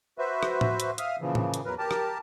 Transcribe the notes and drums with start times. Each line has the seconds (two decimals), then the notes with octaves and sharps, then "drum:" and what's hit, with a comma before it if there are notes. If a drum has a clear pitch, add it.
0.18 F#4 B4 C5 E5
0.43 drum: rim click
0.61 drum: tom A2
0.80 drum: hi-hat
0.98 E5 F5 D#6 F6, drum: hi-hat
1.20 A#2 C#3 E3 F3
1.35 drum: tom A2
1.54 drum: hi-hat
1.65 E2 F#3 A#4 B4
1.78 G4 A#4 A5
1.91 drum: rim click